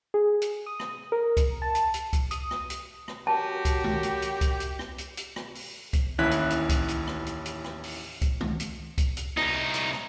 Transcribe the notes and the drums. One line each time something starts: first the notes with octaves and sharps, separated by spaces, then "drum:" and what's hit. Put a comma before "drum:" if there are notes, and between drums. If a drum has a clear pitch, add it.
G#4
drum: hi-hat
D#6
drum: rim click
A#4
drum: kick C2, hi-hat
A5
drum: hi-hat
drum: hi-hat
drum: kick C2, hi-hat
D#6, drum: hi-hat
drum: rim click
drum: hi-hat
drum: rim click
F#2 F#4 G4 A5
drum: kick C2, hi-hat
drum: tom
drum: hi-hat
drum: hi-hat
drum: kick C2, hi-hat
drum: hi-hat
drum: rim click
drum: hi-hat
drum: hi-hat
drum: rim click
drum: open hi-hat
drum: kick C2, hi-hat
A1 D#2 C#4 E4 F#6 B6
drum: hi-hat
drum: hi-hat
drum: kick C2, hi-hat
drum: hi-hat
drum: rim click
drum: hi-hat
drum: hi-hat
drum: rim click
drum: open hi-hat
drum: kick C2, hi-hat
drum: tom
drum: hi-hat
drum: kick C2, hi-hat
drum: hi-hat
C2 D#4, drum: rim click
drum: hi-hat
drum: rim click